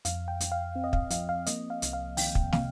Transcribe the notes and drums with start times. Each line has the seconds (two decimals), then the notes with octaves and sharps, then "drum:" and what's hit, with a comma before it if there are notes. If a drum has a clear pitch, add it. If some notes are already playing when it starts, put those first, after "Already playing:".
0.05 F2 F5, drum: hi-hat
0.28 G5
0.40 F2, drum: hi-hat
0.52 F5
0.75 C4
0.84 D#5
0.93 F5, drum: kick
1.10 F3 F5, drum: hi-hat
1.29 F5
1.46 A#3 D#5, drum: hi-hat
1.70 F5
1.82 C2, drum: hi-hat
1.93 F5
2.17 D#3 G5, drum: open hi-hat
2.35 drum: kick
2.52 C3 F5, drum: snare